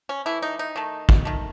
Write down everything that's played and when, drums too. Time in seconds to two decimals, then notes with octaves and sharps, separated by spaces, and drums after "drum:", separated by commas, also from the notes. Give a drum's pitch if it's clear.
0.09 C#4
0.26 E3 A3 E4
0.42 D#4
0.59 D#4
0.76 D#3 A3
1.09 drum: kick
1.25 D#3 A3